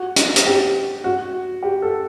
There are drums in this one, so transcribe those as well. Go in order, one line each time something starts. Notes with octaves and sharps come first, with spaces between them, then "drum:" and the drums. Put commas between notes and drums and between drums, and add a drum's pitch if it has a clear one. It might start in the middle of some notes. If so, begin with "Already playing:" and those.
Already playing: F#4
drum: hi-hat
drum: hi-hat
G4
F#4
G4
A4